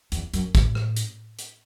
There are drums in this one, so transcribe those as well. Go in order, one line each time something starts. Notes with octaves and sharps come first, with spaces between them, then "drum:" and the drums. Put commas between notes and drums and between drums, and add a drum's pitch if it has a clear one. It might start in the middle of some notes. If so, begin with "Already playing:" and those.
E2, drum: hi-hat
F#2, drum: hi-hat
A2, drum: kick, hi-hat
drum: rim click
drum: hi-hat
drum: hi-hat